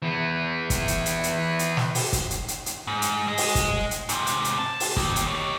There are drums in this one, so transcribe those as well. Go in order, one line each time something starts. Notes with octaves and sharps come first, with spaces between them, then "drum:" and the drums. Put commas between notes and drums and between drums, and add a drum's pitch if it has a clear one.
E3 B3
drum: kick, hi-hat
drum: hi-hat
drum: hi-hat
drum: hi-hat
drum: hi-hat
drum: snare
drum: open hi-hat
drum: kick, hi-hat
drum: hi-hat
drum: hi-hat
drum: hi-hat
G#2
drum: hi-hat
G#4 D#5
drum: open hi-hat
drum: kick, hi-hat
drum: hi-hat
G#2 C3, drum: hi-hat
drum: hi-hat
drum: hi-hat
A5
drum: open hi-hat
D#3 A#3, drum: kick
drum: hi-hat
G4 C#5